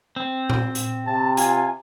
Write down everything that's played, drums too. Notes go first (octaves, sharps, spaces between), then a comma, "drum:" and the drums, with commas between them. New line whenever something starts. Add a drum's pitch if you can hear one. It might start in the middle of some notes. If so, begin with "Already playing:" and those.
C4
drum: tom A2
drum: hi-hat
C3 A5
F4 G#5, drum: hi-hat